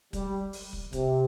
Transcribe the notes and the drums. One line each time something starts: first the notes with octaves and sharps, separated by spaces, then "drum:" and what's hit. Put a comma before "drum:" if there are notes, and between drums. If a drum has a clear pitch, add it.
G3, drum: kick, hi-hat
drum: open hi-hat
drum: kick
C3, drum: kick, hi-hat